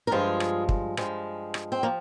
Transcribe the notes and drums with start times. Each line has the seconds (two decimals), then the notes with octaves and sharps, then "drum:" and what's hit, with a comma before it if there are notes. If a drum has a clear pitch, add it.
0.07 A#4
0.11 G2 F3 G#3 F4 G#4
0.40 drum: rim click
0.69 drum: kick
0.97 G2 F3 G#3, drum: rim click
1.54 drum: rim click
1.72 C4
1.83 F3 A#3